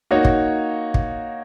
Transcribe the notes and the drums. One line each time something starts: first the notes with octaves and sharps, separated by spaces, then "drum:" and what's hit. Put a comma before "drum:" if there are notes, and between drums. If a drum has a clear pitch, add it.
A#3 D#4 F#4 C#5
drum: kick
drum: kick